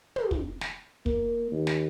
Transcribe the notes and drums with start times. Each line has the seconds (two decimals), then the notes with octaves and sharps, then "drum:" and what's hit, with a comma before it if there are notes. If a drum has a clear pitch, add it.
0.16 drum: tom
0.31 drum: kick
0.61 drum: snare
1.06 A#3, drum: kick
1.52 D#2
1.67 drum: snare